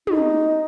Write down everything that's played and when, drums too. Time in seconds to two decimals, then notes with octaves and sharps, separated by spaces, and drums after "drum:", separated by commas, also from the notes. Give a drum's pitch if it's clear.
0.07 D#4, drum: tom